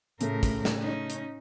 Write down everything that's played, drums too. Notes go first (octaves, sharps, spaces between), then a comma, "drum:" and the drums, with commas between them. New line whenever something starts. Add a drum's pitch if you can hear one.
A2 C#3 A3 A#4, drum: hi-hat
drum: kick, hi-hat
drum: snare
C#4 D#4
drum: hi-hat